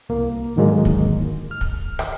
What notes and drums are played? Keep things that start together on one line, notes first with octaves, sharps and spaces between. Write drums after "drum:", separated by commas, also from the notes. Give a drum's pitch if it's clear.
C2 A#3
G#2 D3 D#3 F#3 G#3 A#3
drum: kick
F6
drum: kick
drum: rim click